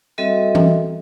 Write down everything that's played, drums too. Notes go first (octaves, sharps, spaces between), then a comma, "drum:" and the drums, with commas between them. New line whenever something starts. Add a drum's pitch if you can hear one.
G3 C4 F#4 A4 D#5 E5
drum: tom E3